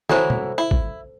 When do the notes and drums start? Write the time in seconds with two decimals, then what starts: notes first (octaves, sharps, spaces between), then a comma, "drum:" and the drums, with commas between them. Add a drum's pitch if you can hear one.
0.09 E3 F#3 E4 A4 C5 A5, drum: snare
0.30 drum: tom
0.58 E4
0.71 drum: kick